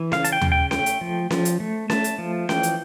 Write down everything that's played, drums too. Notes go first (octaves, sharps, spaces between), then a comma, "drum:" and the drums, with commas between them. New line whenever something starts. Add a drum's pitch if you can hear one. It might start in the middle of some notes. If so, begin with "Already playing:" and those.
Already playing: E3
C#3 F5, drum: snare C#4
A5, drum: hi-hat
G5
C#3, drum: tom D#2
G5
A3 G5, drum: snare C#4
drum: hi-hat
F3
F3, drum: snare C#4
drum: hi-hat
A3
A3 A5, drum: snare C#4
drum: hi-hat
F3
E3 G5, drum: snare C#4
drum: hi-hat